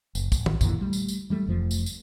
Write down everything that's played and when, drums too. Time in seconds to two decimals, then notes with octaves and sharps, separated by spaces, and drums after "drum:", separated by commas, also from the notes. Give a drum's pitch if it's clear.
0.15 F#1, drum: tambourine
0.32 A1, drum: kick, tambourine
0.46 drum: tom
0.61 F#2 A#2 D3 E3, drum: kick, tambourine
0.81 G3 A3
0.93 drum: tambourine
1.08 drum: tambourine
1.30 E3 G3 A3
1.46 F1 F2 F3 A3
1.71 drum: tambourine
1.86 drum: tambourine